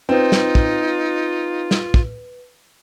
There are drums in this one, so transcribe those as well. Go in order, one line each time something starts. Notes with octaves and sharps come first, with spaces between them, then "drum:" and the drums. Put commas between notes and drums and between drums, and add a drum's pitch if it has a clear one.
C4 D#4 F4 B4
drum: snare
drum: kick
drum: snare
drum: kick